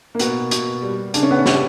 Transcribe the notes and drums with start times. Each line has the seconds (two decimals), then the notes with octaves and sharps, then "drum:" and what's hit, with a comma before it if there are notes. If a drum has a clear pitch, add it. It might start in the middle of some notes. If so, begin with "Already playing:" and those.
0.15 A#3
0.19 B2 B3, drum: hi-hat
0.51 B2, drum: hi-hat
0.82 G3
1.14 C#3 D4, drum: hi-hat
1.23 C#4
1.31 B3
1.39 C#4
1.46 G4, drum: snare